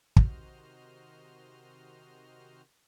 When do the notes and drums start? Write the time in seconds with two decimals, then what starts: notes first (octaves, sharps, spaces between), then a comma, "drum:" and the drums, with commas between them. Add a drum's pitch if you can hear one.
0.16 C3 D#3 F#4 C5 D#5 F6, drum: kick